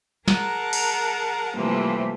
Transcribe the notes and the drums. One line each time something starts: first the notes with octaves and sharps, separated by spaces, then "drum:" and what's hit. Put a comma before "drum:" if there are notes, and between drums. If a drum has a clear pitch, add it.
G#4 A#4 F#5 A5 A#5, drum: snare
drum: cymbal
C3 E3 F3 G3 A3 A#3